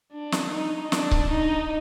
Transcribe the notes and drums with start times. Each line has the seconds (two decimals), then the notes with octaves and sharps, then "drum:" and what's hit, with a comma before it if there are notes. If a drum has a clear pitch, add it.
0.13 D4
0.32 drum: snare
0.52 D#4
0.92 D4, drum: snare
1.11 drum: kick C#1
1.31 D#4